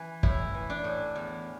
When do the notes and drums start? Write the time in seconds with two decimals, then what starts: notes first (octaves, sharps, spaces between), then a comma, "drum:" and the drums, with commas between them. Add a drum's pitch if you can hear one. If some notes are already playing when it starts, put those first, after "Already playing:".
Already playing: E3
0.23 A2 E4, drum: kick
0.54 E3
0.70 D4
0.84 A2
1.15 E2